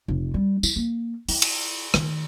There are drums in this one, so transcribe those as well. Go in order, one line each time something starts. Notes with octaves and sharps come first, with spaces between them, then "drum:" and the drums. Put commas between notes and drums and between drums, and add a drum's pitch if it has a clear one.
F1
G3
E4, drum: tambourine
A#3
E4, drum: open hi-hat
drum: cymbal
D#3, drum: rim click